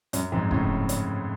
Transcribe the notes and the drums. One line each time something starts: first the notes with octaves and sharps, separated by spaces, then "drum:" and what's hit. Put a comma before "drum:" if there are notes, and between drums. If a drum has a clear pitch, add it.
F#2, drum: hi-hat
F2 G#2
A2 C#3, drum: kick
drum: hi-hat